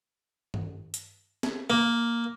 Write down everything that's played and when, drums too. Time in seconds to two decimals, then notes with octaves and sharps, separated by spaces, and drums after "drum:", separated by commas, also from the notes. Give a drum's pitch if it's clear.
0.54 drum: tom G2
0.94 drum: hi-hat
1.43 drum: snare
1.70 A#3